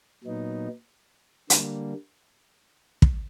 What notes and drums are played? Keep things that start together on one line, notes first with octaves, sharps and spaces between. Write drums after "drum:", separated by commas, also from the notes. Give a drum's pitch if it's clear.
A#2 F#3 B3 D#4
D3 G3 A#3, drum: hi-hat
drum: kick